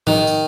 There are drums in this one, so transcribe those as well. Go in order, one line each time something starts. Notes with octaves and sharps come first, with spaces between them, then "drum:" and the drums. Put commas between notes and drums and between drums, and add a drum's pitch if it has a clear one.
D#3, drum: tom A2
drum: tambourine